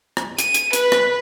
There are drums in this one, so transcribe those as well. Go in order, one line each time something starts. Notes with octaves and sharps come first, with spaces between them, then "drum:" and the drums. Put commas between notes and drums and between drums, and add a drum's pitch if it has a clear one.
drum: rim click
D#7, drum: hi-hat
drum: hi-hat
B4, drum: hi-hat
drum: rim click